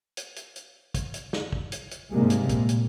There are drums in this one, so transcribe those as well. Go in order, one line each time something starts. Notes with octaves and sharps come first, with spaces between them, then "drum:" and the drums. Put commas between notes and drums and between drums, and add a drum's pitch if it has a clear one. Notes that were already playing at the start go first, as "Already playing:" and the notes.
drum: hi-hat
drum: hi-hat
drum: hi-hat
drum: kick, hi-hat
drum: hi-hat
drum: snare
drum: kick
drum: hi-hat
drum: hi-hat
G#2 C3 G3 G#3 A#3
drum: hi-hat
A#2, drum: kick, hi-hat
drum: hi-hat